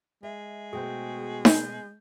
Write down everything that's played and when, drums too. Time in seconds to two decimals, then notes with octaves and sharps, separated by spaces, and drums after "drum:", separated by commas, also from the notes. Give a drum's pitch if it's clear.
0.23 G#3 E5
0.73 B2 A3 F#4 G#4 C5 G5 G6
1.45 G6, drum: snare D#4